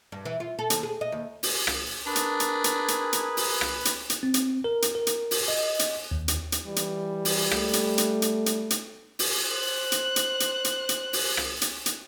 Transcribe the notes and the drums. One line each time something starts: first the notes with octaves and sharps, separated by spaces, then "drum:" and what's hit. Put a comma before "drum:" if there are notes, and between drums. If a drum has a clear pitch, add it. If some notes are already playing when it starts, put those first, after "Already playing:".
G2
E3
F4
A4
D#2, drum: hi-hat
G#4
D#5
D#2
drum: open hi-hat
drum: rim click
D4 G#4 A#4 B4
drum: hi-hat
drum: hi-hat
drum: hi-hat
drum: hi-hat
drum: hi-hat
drum: open hi-hat
drum: rim click
drum: hi-hat
drum: hi-hat
C4
drum: hi-hat
A#4
drum: hi-hat
A#4
drum: hi-hat
drum: open hi-hat
D#5
drum: hi-hat
D#2
drum: hi-hat
drum: hi-hat
E3 G3
drum: hi-hat
drum: open hi-hat
A3, drum: rim click
drum: hi-hat
drum: hi-hat
drum: hi-hat
drum: hi-hat
drum: hi-hat
drum: open hi-hat
C5 F#6
drum: hi-hat
drum: hi-hat
drum: hi-hat
drum: hi-hat
drum: hi-hat
drum: open hi-hat
drum: rim click
drum: hi-hat
drum: hi-hat